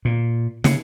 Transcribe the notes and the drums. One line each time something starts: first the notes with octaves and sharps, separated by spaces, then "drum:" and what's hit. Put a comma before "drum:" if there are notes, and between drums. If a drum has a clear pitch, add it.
A#2
C#3, drum: snare